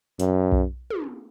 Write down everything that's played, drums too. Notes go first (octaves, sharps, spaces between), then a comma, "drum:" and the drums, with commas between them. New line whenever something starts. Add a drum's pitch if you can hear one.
F#2, drum: hi-hat
drum: kick B1
drum: tom